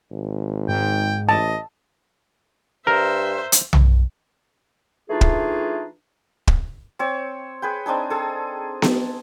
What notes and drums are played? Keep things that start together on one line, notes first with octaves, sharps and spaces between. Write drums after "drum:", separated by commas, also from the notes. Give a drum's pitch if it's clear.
G#1
G#2 G5
A1 D#5 A5
G2 A#4 C5 E5
drum: hi-hat
drum: tom B1
E3 A3 D4 D#4 F4 G#4
drum: kick
drum: kick
C4 C#5
G#4 B4 G5
C4 D4 D#4 G#4
G#4 A4
drum: snare B3